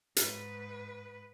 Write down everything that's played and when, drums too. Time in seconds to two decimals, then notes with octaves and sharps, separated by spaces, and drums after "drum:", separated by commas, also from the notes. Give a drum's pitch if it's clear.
0.16 G#2 B4, drum: hi-hat